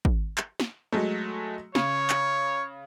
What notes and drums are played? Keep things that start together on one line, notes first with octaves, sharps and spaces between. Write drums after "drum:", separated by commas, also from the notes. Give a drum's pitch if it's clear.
drum: kick
drum: clap
drum: snare
F#3 G#3 A3
C#3 C#5, drum: snare
drum: clap